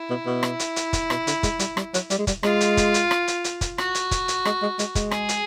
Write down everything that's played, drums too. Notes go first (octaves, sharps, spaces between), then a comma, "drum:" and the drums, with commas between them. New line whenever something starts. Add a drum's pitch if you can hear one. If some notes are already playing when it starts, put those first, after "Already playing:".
Already playing: E4
B2
B2
drum: rim click
drum: hi-hat
drum: hi-hat
drum: kick, hi-hat
B2, drum: rim click
D3, drum: hi-hat
G#3, drum: kick, hi-hat
G3, drum: hi-hat
G3, drum: rim click
F#3, drum: hi-hat
G3, drum: hi-hat
G#3
G3, drum: kick, hi-hat
G#3 F4, drum: rim click
drum: hi-hat
drum: kick, hi-hat
drum: hi-hat
drum: rim click
drum: hi-hat
drum: hi-hat
drum: kick, hi-hat
F#4, drum: rim click
drum: hi-hat
drum: kick, hi-hat
drum: hi-hat
G#3, drum: rim click
G#3
G#3, drum: hi-hat
G#3, drum: kick, hi-hat
G#4, drum: rim click
drum: hi-hat